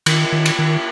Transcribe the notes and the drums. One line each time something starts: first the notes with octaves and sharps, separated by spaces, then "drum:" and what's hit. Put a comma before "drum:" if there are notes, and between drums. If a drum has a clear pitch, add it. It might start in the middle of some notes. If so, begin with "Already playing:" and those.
D#3, drum: cymbal
D#3
drum: cymbal
D#3